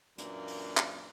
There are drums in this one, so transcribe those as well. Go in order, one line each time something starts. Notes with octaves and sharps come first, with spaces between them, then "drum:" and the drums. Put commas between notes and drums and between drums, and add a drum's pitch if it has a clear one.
F#2 A#2 E3 A#3 D4, drum: hi-hat
drum: open hi-hat
drum: clap